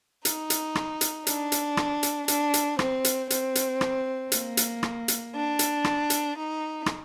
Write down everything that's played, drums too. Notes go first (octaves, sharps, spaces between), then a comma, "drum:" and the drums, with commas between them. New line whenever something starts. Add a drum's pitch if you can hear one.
D#4, drum: hi-hat
drum: hi-hat
drum: rim click
drum: hi-hat
D4, drum: hi-hat
drum: hi-hat
drum: rim click
drum: hi-hat
D4, drum: hi-hat
drum: hi-hat
C4, drum: rim click
drum: hi-hat
C4, drum: hi-hat
drum: hi-hat
drum: rim click
A#3, drum: hi-hat
drum: hi-hat
drum: rim click
drum: hi-hat
D4
drum: hi-hat
drum: rim click
drum: hi-hat
D#4
drum: rim click